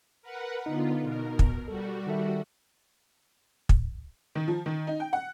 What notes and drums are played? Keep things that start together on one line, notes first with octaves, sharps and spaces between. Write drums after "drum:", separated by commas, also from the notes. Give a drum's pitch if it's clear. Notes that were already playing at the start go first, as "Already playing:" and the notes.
A#4 B4 F#5
D3 B3 D#4 F4
B2 A#4
drum: kick
G3 F#4 A4
D#3 A4 E5
drum: kick
D#3
F3
D#3
D#4
G5
F#5